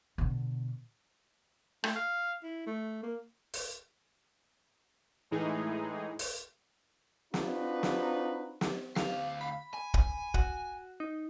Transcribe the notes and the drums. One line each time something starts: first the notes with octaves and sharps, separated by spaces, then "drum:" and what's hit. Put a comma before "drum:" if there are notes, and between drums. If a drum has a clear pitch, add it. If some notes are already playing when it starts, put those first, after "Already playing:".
B2 D3
A3, drum: rim click
F5
E4
A3
A#3
drum: open hi-hat
A2 E3 G#3 D#4 G#4
drum: open hi-hat
C4 D4 D#4 F4 F#4 B4, drum: snare
drum: snare
drum: snare
D2 F5, drum: snare
B5
G#5
drum: kick
F#4, drum: kick
D#4